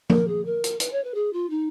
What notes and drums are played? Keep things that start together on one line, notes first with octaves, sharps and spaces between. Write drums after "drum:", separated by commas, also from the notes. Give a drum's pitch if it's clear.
A#4, drum: tom F3
G#4
A#4
drum: hi-hat
B4, drum: hi-hat
C#5
B4
G#4
F4
D#4